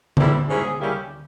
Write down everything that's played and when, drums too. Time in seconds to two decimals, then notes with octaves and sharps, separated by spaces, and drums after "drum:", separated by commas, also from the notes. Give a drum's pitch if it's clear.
0.17 G#2 E3 G3 C4 E4, drum: tom D3
0.48 G#2 G3 C#4 E4 G#4
0.78 C#3 G3 A#3 C#4 E4 G4